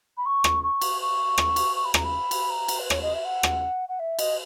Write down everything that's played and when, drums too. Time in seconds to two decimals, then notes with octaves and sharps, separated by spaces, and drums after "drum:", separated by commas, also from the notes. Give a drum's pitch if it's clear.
0.17 B5
0.25 C#6
0.44 drum: rim click
0.63 C#6
0.81 drum: cymbal
1.01 C#6
1.38 drum: rim click
1.56 drum: cymbal
1.75 C#6
1.84 B5
1.94 A#5, drum: rim click
2.04 B5
2.31 drum: cymbal
2.49 A#5
2.68 drum: cymbal
2.79 B4
2.90 C#5, drum: rim click
3.02 D#5
3.13 E5
3.24 F#5
3.43 drum: rim click
3.88 F#5
3.99 E5
4.19 D#5, drum: cymbal